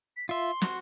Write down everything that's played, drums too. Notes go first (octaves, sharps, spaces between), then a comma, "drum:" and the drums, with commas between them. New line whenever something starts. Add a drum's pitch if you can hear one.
B6
F4 E5 C6
F#4, drum: snare